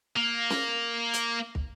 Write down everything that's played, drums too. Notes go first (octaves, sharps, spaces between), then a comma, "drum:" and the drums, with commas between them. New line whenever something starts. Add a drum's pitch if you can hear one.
A#3
drum: snare
drum: hi-hat
drum: kick